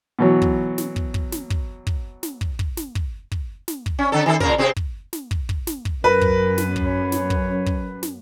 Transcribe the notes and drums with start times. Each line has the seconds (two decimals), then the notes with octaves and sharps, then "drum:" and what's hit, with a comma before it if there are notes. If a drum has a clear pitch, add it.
0.19 B2 E3 F#3
0.42 drum: kick
0.78 drum: snare
0.96 drum: kick
1.14 drum: kick
1.32 drum: snare
1.50 drum: kick
1.87 drum: kick
2.23 drum: snare
2.41 drum: kick
2.59 drum: kick
2.77 drum: snare
2.95 drum: kick
3.32 drum: kick
3.68 drum: snare
3.86 drum: kick
3.99 C#4
4.12 D3 A4
4.26 D#3 A4
4.40 A#2 C#3 A#4, drum: kick
4.58 C3 C4 G#4
4.76 drum: kick
5.13 drum: snare
5.31 drum: kick
5.49 drum: kick
5.67 drum: snare
5.85 drum: kick
6.04 F#2 A#4 B4
6.21 drum: kick
6.58 drum: snare
6.76 drum: kick
6.85 C#5
7.12 drum: snare
7.30 drum: kick
7.66 drum: kick
8.03 drum: snare